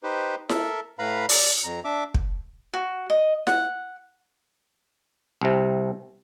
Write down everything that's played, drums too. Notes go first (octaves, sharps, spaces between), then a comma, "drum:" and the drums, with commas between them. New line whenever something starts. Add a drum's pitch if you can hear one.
D#4 G4 B4 C5
A4 A#4 E5, drum: snare E4
A2 B4 F5 A#5 B5
D5, drum: open hi-hat
F2 A#5
D4 E5 D6
drum: kick
F#4
D#5
F#5, drum: snare E4
C2 C3